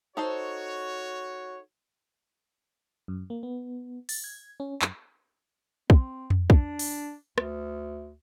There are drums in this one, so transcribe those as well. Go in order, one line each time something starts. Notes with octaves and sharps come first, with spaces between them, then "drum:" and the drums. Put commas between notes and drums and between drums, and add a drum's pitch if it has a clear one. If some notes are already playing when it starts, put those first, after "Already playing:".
D#4 F#4 A4 C5 C#5
F#2
A#3
B3
A6, drum: open hi-hat
G#6
C#4
F#2, drum: clap
C4, drum: kick
drum: tom F2
D4, drum: kick
drum: open hi-hat
D2, drum: rim click